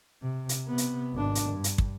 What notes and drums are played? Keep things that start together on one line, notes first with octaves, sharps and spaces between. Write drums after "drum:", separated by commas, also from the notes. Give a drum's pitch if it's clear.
C3
drum: hi-hat
C3 B3
drum: hi-hat
G#1 D4
drum: hi-hat
G2
drum: hi-hat
drum: kick